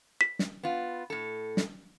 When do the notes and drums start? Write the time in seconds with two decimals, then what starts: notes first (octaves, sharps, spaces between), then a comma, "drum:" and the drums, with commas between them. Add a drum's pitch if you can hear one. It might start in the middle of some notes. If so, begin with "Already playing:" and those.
0.21 B6
0.39 drum: snare
0.63 B3 F4
1.10 A2 A4
1.57 drum: snare